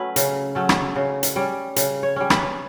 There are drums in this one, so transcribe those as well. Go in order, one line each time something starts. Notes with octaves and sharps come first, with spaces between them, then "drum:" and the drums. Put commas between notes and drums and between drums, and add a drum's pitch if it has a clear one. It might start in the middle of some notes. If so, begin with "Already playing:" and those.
Already playing: F#3 A3 C#4 B4 C#5
C#3, drum: hi-hat
F#3 A3 C#4
drum: rim click
C#3
drum: hi-hat
G3 C#4
C#3, drum: hi-hat
C#5
G3 C#4
B4, drum: rim click